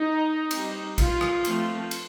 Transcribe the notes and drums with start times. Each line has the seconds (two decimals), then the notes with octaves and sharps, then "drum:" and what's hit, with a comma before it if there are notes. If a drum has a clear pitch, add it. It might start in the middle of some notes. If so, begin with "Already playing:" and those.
Already playing: D#4
0.51 G3 C4, drum: cymbal
0.98 F4, drum: kick, cymbal
1.21 drum: rim click
1.45 F3 A3 C4, drum: cymbal
1.91 drum: cymbal